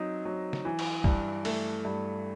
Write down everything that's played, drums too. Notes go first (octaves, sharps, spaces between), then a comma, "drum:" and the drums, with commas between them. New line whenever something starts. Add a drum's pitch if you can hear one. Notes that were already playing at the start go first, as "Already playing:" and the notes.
Already playing: F#3 C4 D#4
F#3
drum: snare
E3
drum: cymbal
G2, drum: kick
A3, drum: open hi-hat
G2